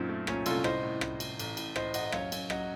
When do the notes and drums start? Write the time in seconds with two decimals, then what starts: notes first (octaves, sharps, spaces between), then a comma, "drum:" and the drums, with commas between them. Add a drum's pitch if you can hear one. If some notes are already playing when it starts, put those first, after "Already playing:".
Already playing: F#2 A#2 C4 D#4
0.09 A3
0.27 A#2 C#4, drum: rim click
0.46 C2 F4 A4, drum: cymbal
0.64 A2 C5 D#5, drum: rim click
0.83 A2
1.01 A2, drum: rim click
1.20 A2, drum: cymbal
1.39 A1, drum: cymbal
1.57 A2, drum: cymbal
1.76 A2 C5 D#5, drum: rim click
1.94 A1 D#5 F#5, drum: cymbal
2.06 D#5
2.12 F#2 C#5 F5, drum: rim click
2.32 F#2, drum: cymbal
2.50 F#3 D#5 F#5, drum: rim click